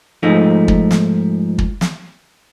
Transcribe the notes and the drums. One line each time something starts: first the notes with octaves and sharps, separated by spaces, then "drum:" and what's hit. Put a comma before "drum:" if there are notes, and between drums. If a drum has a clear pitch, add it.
G#2 F3 A3 D#4
drum: kick
drum: snare
drum: kick
drum: snare